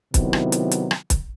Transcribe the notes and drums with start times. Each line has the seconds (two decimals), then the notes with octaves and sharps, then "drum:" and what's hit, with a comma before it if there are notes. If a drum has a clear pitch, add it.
0.14 C3 D#3 F#3 B3 E4, drum: kick, hi-hat
0.33 drum: rim click
0.52 drum: hi-hat
0.71 drum: hi-hat
0.91 drum: rim click
1.10 drum: kick, hi-hat